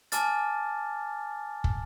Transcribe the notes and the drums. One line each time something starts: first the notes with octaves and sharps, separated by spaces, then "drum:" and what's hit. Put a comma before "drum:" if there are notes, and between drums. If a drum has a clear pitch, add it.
G#5 A5 D6 F6 A6, drum: hi-hat
drum: kick